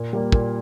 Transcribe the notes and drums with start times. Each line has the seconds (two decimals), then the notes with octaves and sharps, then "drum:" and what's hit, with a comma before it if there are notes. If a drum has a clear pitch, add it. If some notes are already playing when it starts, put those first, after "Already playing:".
Already playing: A#2
0.13 G3 A#3
0.32 A#2, drum: kick